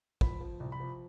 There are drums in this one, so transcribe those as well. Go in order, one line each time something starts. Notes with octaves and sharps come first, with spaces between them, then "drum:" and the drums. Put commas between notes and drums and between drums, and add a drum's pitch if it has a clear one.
F3 B5, drum: kick
F3
C2
B5
F3